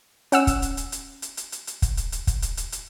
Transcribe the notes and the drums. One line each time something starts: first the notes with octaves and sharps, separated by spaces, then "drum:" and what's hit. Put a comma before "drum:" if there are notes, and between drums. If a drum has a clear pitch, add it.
C#4 F#5 E6, drum: hi-hat
drum: kick, hi-hat
drum: hi-hat
drum: hi-hat
drum: hi-hat
drum: hi-hat
drum: hi-hat
drum: hi-hat
drum: hi-hat
drum: kick, hi-hat
drum: hi-hat
drum: hi-hat
drum: kick, hi-hat
drum: hi-hat
drum: hi-hat
drum: hi-hat